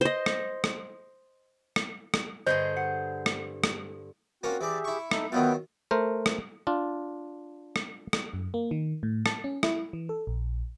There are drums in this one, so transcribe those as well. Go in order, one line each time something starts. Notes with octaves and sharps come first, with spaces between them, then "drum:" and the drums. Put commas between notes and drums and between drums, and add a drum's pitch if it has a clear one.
C5 D#5
drum: rim click
drum: rim click
drum: rim click
drum: rim click
G2 D3 G#4 C5 D#5 G6
F#5
drum: rim click
drum: rim click
A#3 C4 C#4 F4 F#4
E3 G4 G#4 D5 E5
E4 C#6
D#4 A4 E5, drum: rim click
D#3 F#3 B3 F4 B4 E5 G5
A3 A#4 C5
drum: rim click
D4 F4
drum: rim click
drum: rim click
F#2
A#3
D#3
A2
A5, drum: rim click
C#4
E4, drum: rim click
E3
A4
A#1